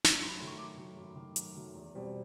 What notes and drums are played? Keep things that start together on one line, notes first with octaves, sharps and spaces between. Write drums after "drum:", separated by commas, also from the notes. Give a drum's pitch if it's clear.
drum: snare
F#2 C6
B5
D#3 F#3 A3 C6
C#6
F#2 D6
D#3 F#3 A3
F#2
D#3 F#3 A3
F#2, drum: hi-hat
D#3 F#3 A3
E2
B2 G3 C4